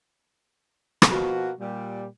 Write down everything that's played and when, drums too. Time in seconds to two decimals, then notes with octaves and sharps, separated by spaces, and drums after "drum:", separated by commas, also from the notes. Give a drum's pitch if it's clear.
1.02 drum: rim click
1.11 B2 F3 A#3 F#4
1.60 A#2 G3